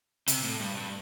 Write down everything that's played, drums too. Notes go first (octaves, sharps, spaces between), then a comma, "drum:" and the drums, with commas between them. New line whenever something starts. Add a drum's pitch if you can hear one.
C3, drum: hi-hat
A2
G2
G2